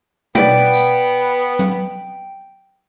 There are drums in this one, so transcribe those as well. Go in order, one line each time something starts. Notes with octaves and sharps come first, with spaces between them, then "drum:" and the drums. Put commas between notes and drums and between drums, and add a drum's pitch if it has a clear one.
B3 B4 D5 G5 D7, drum: tom
drum: tambourine
drum: tom F#3